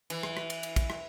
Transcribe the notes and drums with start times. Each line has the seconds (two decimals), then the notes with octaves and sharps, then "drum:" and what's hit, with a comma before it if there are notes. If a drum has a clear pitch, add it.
0.10 E3, drum: cymbal
0.23 drum: rim click
0.37 drum: rim click
0.50 drum: cymbal
0.63 drum: cymbal
0.76 drum: kick, cymbal
0.90 drum: rim click